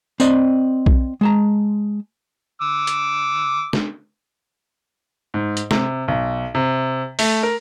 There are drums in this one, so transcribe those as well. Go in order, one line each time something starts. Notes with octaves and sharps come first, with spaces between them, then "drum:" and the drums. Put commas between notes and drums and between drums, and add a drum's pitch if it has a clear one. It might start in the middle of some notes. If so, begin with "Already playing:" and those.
C4 D5 D#5, drum: tambourine
drum: kick B1
G#3 A5 A#5
D6 E6
drum: hi-hat
drum: snare
G#2
drum: hi-hat
C3, drum: snare
B1
C3
A3, drum: open hi-hat
A#4